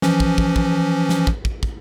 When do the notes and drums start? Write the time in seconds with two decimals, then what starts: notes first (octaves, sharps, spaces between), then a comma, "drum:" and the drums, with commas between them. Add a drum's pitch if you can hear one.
0.02 E3 F3 C#4, drum: snare
0.20 drum: kick
0.38 drum: kick
0.56 drum: kick
1.09 drum: snare
1.27 drum: kick
1.45 drum: kick
1.63 drum: kick